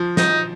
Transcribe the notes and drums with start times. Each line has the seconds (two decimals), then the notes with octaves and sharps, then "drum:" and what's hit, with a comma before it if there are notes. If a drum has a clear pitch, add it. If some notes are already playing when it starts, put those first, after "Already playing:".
Already playing: F3
0.17 D#4, drum: snare